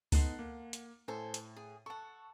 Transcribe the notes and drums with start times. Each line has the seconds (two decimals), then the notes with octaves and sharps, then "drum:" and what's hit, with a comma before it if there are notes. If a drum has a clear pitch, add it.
0.12 B3 D#4 A4 F#5 C6, drum: kick C#2, open hi-hat
0.39 A#3
0.73 drum: hi-hat
1.08 A2 A4 C5 G#5
1.34 drum: hi-hat
1.56 G#4
1.86 A4 F#5 A5 C#6